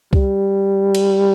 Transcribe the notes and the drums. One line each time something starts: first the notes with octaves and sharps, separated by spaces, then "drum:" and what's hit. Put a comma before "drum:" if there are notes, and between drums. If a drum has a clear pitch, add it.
G3, drum: kick C2
drum: cymbal